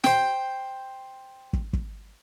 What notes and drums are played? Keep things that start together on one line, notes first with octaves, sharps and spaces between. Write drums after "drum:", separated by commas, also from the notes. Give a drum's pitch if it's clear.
C5 G5, drum: snare
drum: kick
drum: kick